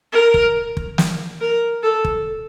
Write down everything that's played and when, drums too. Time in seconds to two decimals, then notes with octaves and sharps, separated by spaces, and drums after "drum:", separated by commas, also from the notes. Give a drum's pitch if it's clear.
0.12 A#4
0.34 drum: kick
0.77 drum: kick
0.98 drum: snare
1.41 A#4
1.83 A4
2.05 drum: kick